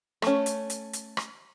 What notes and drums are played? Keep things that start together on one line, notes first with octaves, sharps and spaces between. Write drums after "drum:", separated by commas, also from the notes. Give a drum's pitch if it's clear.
A3 C#4, drum: rim click
drum: hi-hat
drum: hi-hat
drum: hi-hat
drum: rim click